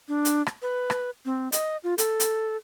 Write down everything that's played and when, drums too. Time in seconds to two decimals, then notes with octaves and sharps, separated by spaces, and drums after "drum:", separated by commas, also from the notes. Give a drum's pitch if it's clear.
0.08 D4
0.25 drum: hi-hat
0.46 drum: rim click
0.62 B4
0.90 drum: rim click
1.25 C4
1.52 D#5, drum: hi-hat
1.84 F4
1.98 A4, drum: hi-hat
2.20 drum: hi-hat